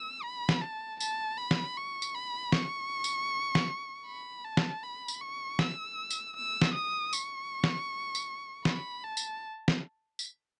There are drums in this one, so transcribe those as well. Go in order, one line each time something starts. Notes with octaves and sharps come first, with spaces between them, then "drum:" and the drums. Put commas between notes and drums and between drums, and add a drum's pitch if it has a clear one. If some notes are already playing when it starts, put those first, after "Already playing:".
Already playing: E6
B5
drum: snare
A5
A5, drum: tambourine
B5
drum: snare
C#6
drum: tambourine
B5
C#6, drum: snare
drum: tambourine
drum: snare
B5
A5
drum: snare
B5
drum: tambourine
C#6
E6, drum: snare
drum: tambourine
E6
drum: snare
D#6
C#6, drum: tambourine
drum: snare
drum: tambourine
B5, drum: snare
A5
drum: tambourine
drum: snare
drum: tambourine